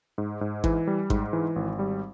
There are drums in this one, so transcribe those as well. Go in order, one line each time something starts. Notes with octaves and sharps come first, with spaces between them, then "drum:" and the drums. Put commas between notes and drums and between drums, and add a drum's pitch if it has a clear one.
G#2
G#2
E3, drum: kick G#1
G3
G#2, drum: kick G#1
E3
G#1
G3